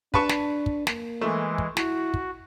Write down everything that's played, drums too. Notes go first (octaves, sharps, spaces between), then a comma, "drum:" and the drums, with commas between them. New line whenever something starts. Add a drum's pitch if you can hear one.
D4 B4 A5 C#6, drum: kick
drum: snare
drum: kick
A#3, drum: snare
E3 G#3 A3
drum: kick
E4 F#4, drum: snare
drum: kick